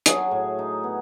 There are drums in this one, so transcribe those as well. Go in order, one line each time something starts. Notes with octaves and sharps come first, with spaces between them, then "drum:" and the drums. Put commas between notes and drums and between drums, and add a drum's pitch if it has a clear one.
F#3 G#4, drum: hi-hat
A2
D#4
B3